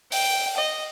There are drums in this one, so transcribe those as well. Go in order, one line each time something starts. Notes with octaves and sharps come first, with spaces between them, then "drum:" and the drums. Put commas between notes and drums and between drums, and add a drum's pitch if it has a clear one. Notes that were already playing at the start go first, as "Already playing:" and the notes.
G5, drum: open hi-hat
D#5